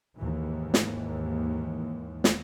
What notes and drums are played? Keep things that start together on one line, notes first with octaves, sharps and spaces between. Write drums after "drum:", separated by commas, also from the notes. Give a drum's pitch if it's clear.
D#2 G#2 E3
drum: snare
drum: snare